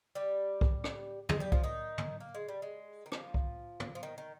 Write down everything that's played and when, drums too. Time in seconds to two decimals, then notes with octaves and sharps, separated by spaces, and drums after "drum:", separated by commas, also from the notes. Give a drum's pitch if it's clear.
0.15 G3 G4
0.61 drum: kick
0.84 drum: rim click
1.29 G#3 G#4, drum: tom
1.40 G3 G4
1.52 F3 F4, drum: kick
1.64 D#3 D#4
1.98 drum: tom
2.20 A#3
2.35 G#3
2.49 G3
2.62 G#3
3.06 D#3
3.12 F3, drum: rim click
3.34 drum: kick
3.80 drum: tom
3.95 F3
4.03 D#3
4.18 D#3